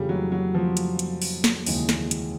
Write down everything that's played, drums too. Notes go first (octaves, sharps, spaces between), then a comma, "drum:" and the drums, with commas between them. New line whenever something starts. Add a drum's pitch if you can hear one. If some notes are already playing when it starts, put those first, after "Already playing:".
Already playing: F2 C#3 E3 G3 A3
F#3
F#3
F3
drum: hi-hat
drum: hi-hat
drum: open hi-hat
drum: snare
D#2 C#3 E3 G#3, drum: open hi-hat
drum: snare
drum: hi-hat